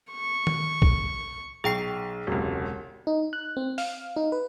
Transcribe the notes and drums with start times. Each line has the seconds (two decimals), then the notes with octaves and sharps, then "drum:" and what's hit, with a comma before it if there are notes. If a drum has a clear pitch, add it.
0.12 C#6
0.47 drum: tom D#3
0.82 drum: kick B1
1.64 B1 G#4 G5 C7
2.27 E1 C#2 C3 F#3
3.07 D#4
3.33 F#6
3.57 C4
3.78 F5, drum: open hi-hat
4.16 D#4
4.32 B4